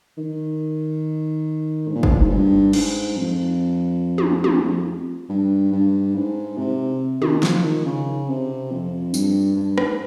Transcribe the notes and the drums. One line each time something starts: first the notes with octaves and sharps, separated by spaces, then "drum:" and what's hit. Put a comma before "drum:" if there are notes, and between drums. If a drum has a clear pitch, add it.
D#3
G#2
A#2
G#2, drum: kick
A#2
G#2
G2
G#2, drum: cymbal
F2
drum: tom
F2, drum: tom
F2
G2
G2
G#2
C3
D#3, drum: tom
F3, drum: snare
D#3
C#3
C3
F2
G2, drum: tambourine
G2
G#2, drum: rim click